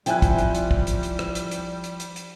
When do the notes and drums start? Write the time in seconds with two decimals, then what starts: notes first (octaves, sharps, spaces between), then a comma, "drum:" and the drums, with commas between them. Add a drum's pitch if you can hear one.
0.06 F3 G3 C4 E4 G5 G#5 F#6, drum: hi-hat
0.22 drum: kick, hi-hat
0.38 drum: hi-hat
0.55 drum: hi-hat
0.71 drum: kick
0.87 drum: hi-hat
1.03 drum: hi-hat
1.19 drum: rim click
1.35 drum: hi-hat
1.51 drum: hi-hat
1.84 drum: hi-hat
2.00 drum: hi-hat
2.16 drum: hi-hat